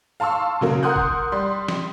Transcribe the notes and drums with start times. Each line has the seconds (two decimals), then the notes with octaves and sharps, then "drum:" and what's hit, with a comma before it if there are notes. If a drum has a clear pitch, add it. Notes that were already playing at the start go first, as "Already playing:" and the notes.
0.20 F5 A5 C6 C#6 E6
0.61 C#3 F#3 A#3
0.83 A#4 F#5 C6 D#6 F#6 G6
0.96 drum: kick
1.32 G3 C6
1.68 drum: snare